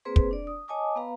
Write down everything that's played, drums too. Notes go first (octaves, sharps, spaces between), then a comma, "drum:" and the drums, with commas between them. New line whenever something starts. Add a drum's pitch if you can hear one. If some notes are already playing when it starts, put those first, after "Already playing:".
A#3 C4 G#4 B4 C5 C6
drum: kick
D4 D5
D#6
C#5 D#5 G#5 A5 D6 D#6
B3 B4 F5 A#5